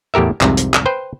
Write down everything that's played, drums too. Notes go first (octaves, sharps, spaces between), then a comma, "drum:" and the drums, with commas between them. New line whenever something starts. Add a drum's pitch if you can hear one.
E2 A2 G4 A#4 E5
C2 F2 G#2 C3, drum: clap
drum: hi-hat
drum: clap
B4 C5 G5